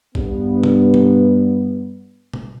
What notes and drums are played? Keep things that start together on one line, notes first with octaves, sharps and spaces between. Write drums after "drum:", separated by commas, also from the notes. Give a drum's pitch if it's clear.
G2 B3, drum: kick
drum: tom C3
drum: tom B2
drum: tom B2